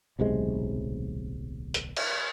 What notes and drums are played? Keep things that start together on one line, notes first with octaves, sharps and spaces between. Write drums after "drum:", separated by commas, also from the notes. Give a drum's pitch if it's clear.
D1 B1 C3 G#3
drum: hi-hat
drum: cymbal